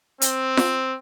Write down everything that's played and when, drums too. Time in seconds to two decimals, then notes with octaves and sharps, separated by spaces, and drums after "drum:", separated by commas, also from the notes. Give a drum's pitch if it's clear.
0.22 C4, drum: hi-hat
0.57 drum: snare F4